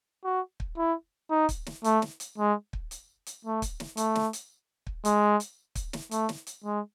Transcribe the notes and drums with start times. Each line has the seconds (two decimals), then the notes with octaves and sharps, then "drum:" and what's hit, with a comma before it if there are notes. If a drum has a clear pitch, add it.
0.24 F#4
0.60 drum: kick
0.78 E4
1.30 D#4
1.49 drum: kick, hi-hat
1.66 drum: snare
1.84 A3, drum: hi-hat
2.02 drum: snare
2.20 drum: hi-hat
2.38 G#3
2.73 drum: kick
2.91 drum: hi-hat
3.27 drum: hi-hat
3.45 A3
3.62 drum: kick, hi-hat
3.80 drum: snare
3.97 A3, drum: hi-hat
4.15 drum: snare
4.33 drum: hi-hat
4.87 drum: kick
5.05 G#3, drum: hi-hat
5.40 drum: hi-hat
5.75 drum: kick, hi-hat
5.93 drum: snare
6.11 A3, drum: hi-hat
6.29 drum: snare
6.47 drum: hi-hat
6.64 G#3